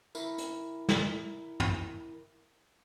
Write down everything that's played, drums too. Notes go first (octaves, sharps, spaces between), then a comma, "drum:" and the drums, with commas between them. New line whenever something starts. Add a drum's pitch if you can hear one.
E4 A#4, drum: tambourine
drum: hi-hat
drum: snare
drum: tom